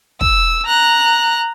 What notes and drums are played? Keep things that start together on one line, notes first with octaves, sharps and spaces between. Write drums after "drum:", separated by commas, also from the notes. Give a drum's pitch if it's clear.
E6, drum: kick
A#5 F#6